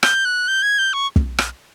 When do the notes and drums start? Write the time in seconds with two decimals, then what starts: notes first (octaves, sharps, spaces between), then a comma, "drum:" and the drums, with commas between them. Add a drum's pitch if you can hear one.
0.03 G6, drum: rim click
0.25 F#6
0.48 G6
0.62 G#6
0.78 G6
0.93 C#6
1.16 drum: kick
1.38 drum: rim click